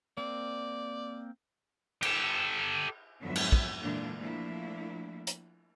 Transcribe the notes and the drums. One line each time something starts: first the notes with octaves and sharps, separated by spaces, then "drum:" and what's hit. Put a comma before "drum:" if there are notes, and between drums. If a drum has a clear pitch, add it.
A#3 C4 D5
G4 A4, drum: cymbal
F2 G#2 D3 F#3 B3 E5
drum: cymbal
drum: kick
A#2 D3 E3 G#3 A#3 D4
F3 A3 A#3 D4 E4
drum: hi-hat